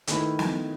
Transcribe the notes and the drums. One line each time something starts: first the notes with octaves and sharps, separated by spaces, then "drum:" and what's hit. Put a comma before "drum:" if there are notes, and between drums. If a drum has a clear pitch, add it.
D#3 A3 E4 B4, drum: hi-hat
drum: snare